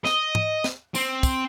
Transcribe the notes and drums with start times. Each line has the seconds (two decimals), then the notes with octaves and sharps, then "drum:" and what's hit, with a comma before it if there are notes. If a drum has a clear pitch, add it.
0.05 D#5, drum: snare
0.35 drum: tom
0.64 drum: snare
0.95 C4, drum: tambourine
1.23 drum: kick, tambourine